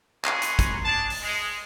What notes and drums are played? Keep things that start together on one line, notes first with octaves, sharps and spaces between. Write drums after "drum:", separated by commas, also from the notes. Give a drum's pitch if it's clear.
G#4 B4 G#5 A#5 C6 C#6, drum: clap
drum: hi-hat
drum: kick, hi-hat
D4 G#4 A5
drum: open hi-hat
G#3